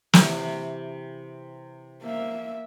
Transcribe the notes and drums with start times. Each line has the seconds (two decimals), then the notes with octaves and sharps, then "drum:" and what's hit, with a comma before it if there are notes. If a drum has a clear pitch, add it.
0.13 C3 E3 C#6, drum: snare
2.03 A#3 E5